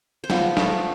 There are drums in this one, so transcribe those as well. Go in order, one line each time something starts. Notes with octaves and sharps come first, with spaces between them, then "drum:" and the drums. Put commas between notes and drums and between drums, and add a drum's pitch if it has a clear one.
C5
F3 B3 B4, drum: snare
A3, drum: snare